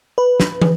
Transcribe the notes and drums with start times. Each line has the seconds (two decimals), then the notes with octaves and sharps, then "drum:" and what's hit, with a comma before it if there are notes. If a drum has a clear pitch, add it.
0.18 B4
0.40 drum: snare
0.62 drum: tom